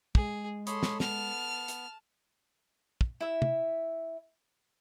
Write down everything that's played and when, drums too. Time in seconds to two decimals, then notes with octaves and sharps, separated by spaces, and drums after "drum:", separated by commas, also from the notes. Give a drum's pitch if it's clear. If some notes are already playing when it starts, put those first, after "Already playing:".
0.15 G#3 G#4, drum: kick
0.67 A4 C#5 B5 C6 D#6, drum: hi-hat
0.83 drum: snare
1.00 B3 A5 F6, drum: snare
1.68 drum: hi-hat
3.01 drum: kick
3.21 E4 E5
3.42 drum: tom